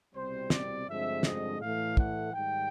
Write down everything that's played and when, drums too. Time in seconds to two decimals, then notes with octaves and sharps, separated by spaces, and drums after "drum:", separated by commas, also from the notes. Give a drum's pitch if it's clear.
0.14 C2 B2 G3 C4 C5
0.50 D5, drum: snare
0.87 G2 D3 F3 G#3 C4 E5
1.23 D#5, drum: snare
1.60 A2 E3 A3 F5
1.97 F#5, drum: kick
2.33 G#2 D#3 G3 G5